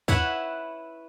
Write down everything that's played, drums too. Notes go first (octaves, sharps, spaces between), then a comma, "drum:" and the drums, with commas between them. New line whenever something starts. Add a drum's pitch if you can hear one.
E4 B4 C#5 E5 F#5 B5, drum: kick D2